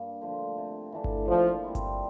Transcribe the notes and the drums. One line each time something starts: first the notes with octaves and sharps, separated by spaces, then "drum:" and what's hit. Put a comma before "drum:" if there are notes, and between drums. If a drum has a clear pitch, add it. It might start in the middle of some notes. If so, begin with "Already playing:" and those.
Already playing: G2 A#3
D3 F3 A3
C3
E3 A3 D4
drum: kick G1
A#2 F3
G3 C4 E4
drum: kick G1, hi-hat